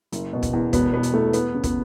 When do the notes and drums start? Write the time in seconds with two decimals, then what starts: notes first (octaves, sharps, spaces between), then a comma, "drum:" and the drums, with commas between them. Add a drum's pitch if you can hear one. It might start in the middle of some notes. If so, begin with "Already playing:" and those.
0.12 F#1, drum: hi-hat
0.33 B2
0.43 drum: kick, hi-hat
0.53 E2
0.73 E1 B3, drum: kick, hi-hat
0.92 B2 B3
1.03 drum: hi-hat
1.13 E2 A3
1.33 E3 B3, drum: hi-hat
1.54 C#3
1.64 B3, drum: kick, hi-hat